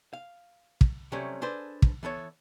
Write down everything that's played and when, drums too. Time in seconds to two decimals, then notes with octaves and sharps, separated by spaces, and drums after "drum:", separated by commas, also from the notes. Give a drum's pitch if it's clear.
0.13 F5
0.81 drum: kick
1.12 C3 F#3 G3 A3 C#4
1.42 D4 G#4 A4 B4 C5
1.82 drum: kick
2.03 E3 B3 A4 C#5